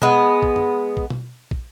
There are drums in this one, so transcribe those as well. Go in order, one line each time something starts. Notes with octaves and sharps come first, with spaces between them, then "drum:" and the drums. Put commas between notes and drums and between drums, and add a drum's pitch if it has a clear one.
G#3 B3, drum: tom B2
drum: kick
drum: tom
drum: kick
drum: tom B2
drum: kick